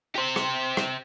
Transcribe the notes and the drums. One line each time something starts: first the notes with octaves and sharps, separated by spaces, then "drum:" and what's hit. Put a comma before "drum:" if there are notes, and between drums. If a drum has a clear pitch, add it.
G4 C5
drum: rim click
drum: rim click